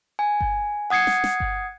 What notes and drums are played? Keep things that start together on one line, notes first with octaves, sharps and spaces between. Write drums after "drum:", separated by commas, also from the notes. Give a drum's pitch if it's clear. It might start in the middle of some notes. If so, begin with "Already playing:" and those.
G#5
drum: kick G1
F#5 D#6 G#6 C7 C#7
drum: snare
drum: snare
drum: kick G1